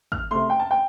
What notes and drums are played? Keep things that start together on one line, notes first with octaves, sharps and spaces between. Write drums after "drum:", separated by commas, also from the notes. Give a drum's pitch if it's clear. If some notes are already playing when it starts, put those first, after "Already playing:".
F6, drum: kick G#1
C3 A3 C6
G5
A5
G5